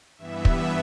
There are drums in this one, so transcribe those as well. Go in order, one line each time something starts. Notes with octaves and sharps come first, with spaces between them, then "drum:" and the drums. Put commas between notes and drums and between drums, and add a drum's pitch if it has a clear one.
G2 E3 B3 E5
drum: kick